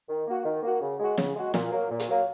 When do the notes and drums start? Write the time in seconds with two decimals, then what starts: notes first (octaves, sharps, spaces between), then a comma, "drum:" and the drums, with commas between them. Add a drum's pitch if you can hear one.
0.09 D#3
0.27 A#3 F#4
0.45 D#3
0.63 A#3 F#4
0.81 C#3
1.00 G#3 F#4
1.18 C#3, drum: snare
1.36 G#3 F#4
1.54 A#2, drum: snare
1.72 F#3 A#3
1.90 A#2
2.00 drum: hi-hat
2.09 F#3 A#3